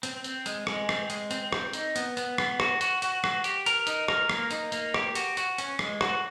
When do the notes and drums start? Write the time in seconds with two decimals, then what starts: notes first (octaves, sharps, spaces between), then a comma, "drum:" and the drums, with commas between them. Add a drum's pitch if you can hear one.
0.03 C4, drum: hi-hat
0.24 C4, drum: hi-hat
0.46 G#3, drum: hi-hat
0.67 G#3, drum: rim click
0.89 C4, drum: rim click
1.10 G#3, drum: hi-hat
1.31 C4, drum: hi-hat
1.53 C4, drum: rim click
1.73 D#4, drum: hi-hat
1.96 B3, drum: hi-hat
2.17 B3, drum: hi-hat
2.38 B3, drum: rim click
2.60 F#4, drum: rim click
2.81 F#4, drum: hi-hat
3.02 F#4, drum: hi-hat
3.24 F#4, drum: rim click
3.44 G4, drum: hi-hat
3.66 A#4, drum: hi-hat
3.87 D#4, drum: hi-hat
4.08 A#4, drum: rim click
4.29 A#3, drum: rim click
4.51 D#4, drum: hi-hat
4.72 A#3, drum: hi-hat
4.94 G4, drum: rim click
5.15 F#4, drum: hi-hat
5.37 F#4, drum: hi-hat
5.58 C#4, drum: hi-hat
5.79 G#3, drum: rim click
6.01 F#4, drum: rim click